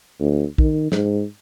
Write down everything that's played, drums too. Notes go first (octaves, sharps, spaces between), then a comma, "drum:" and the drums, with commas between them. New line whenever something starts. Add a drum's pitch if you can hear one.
D2
D#3, drum: kick
G#2, drum: snare